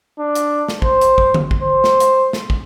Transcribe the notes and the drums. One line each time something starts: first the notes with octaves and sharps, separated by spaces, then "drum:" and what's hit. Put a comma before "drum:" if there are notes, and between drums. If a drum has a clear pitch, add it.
D4
drum: hi-hat
drum: snare
C5, drum: kick
drum: hi-hat
drum: kick
drum: tom D3
drum: kick
C5
drum: snare
drum: hi-hat
drum: snare
drum: kick